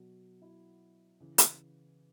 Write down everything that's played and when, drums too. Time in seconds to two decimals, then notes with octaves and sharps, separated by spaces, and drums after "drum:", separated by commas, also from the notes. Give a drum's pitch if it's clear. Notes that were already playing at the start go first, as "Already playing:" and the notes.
Already playing: B2 F#3
0.42 E4
1.20 C#3 E3
1.38 drum: hi-hat